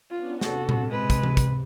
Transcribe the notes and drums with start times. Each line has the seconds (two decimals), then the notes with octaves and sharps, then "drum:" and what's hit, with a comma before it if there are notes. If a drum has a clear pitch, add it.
0.11 B3 C#4 D4 F4
0.41 C3 F#4 A4, drum: snare
0.69 drum: tom A#2
0.89 G#3 B4
1.10 drum: kick, hi-hat
1.23 drum: tom E3
1.37 drum: kick, hi-hat